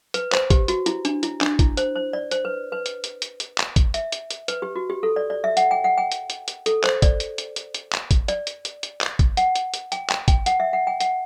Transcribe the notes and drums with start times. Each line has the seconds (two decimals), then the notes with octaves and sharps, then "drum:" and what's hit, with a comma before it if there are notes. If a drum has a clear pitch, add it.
0.14 B4, drum: hi-hat
0.32 C5, drum: clap
0.50 G4, drum: kick, hi-hat
0.68 F#4, drum: hi-hat
0.86 E4, drum: hi-hat
1.05 D4, drum: hi-hat
1.23 E4, drum: hi-hat
1.41 D4, drum: clap
1.59 E4, drum: kick, hi-hat
1.77 C5, drum: hi-hat
1.95 C5
2.13 D5
2.31 C5, drum: hi-hat
2.45 B4
2.72 B4
2.86 drum: hi-hat
3.04 drum: hi-hat
3.22 drum: hi-hat
3.40 drum: hi-hat
3.58 drum: clap
3.76 drum: kick, hi-hat
3.94 E5, drum: hi-hat
4.12 drum: hi-hat
4.31 drum: hi-hat
4.48 B4, drum: hi-hat
4.62 G4
4.76 F#4
4.90 G4
5.03 A4
5.16 D5
5.30 D5
5.44 E5
5.57 F#5, drum: hi-hat
5.71 G5
5.84 F#5
5.98 G5
6.12 drum: hi-hat
6.30 drum: hi-hat
6.48 drum: hi-hat
6.66 A4, drum: hi-hat
6.84 C5, drum: clap
7.02 D5, drum: kick, hi-hat
7.20 drum: hi-hat
7.38 drum: hi-hat
7.56 drum: hi-hat
7.74 drum: hi-hat
7.93 drum: clap
8.11 drum: kick, hi-hat
8.28 D5, drum: hi-hat
8.47 drum: hi-hat
8.65 drum: hi-hat
8.83 drum: hi-hat
9.01 drum: clap
9.19 drum: kick, hi-hat
9.37 F#5, drum: hi-hat
9.55 drum: hi-hat
9.74 drum: hi-hat
9.92 G5, drum: hi-hat
10.10 G5, drum: clap
10.28 G5, drum: kick, hi-hat
10.46 F#5, drum: hi-hat
10.60 E5
10.73 F#5
10.87 G5
11.00 F#5, drum: hi-hat